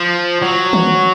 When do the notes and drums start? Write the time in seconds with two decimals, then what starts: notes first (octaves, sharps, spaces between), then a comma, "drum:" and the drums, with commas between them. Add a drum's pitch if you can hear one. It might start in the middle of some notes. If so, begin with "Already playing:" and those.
Already playing: F3
0.42 F#3
0.73 drum: tom D#3